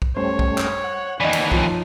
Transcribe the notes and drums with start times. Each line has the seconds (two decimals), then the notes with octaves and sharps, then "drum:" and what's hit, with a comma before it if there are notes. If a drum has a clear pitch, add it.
0.02 drum: kick
0.16 G3 A3 C#4 C5 C#5
0.39 drum: kick
0.58 drum: clap
0.84 F#5
1.20 D#2 E3 D#4 D5 D#5
1.33 drum: cymbal
1.52 F3 C#5 A5 C6, drum: kick